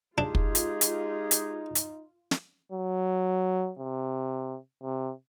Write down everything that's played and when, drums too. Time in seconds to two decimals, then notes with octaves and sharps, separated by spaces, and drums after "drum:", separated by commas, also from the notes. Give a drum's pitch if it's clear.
0.18 G#3 D4 D#4 F4 G4 G#4
0.35 drum: kick
0.55 drum: hi-hat
0.81 drum: hi-hat
1.31 drum: hi-hat
1.75 drum: hi-hat
2.31 drum: snare
2.72 F#3
3.79 C3
4.83 C3